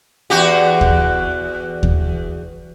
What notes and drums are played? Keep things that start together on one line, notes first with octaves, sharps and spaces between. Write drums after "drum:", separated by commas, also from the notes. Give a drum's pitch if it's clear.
E2 F#4 G4
drum: kick D#2
drum: kick D#2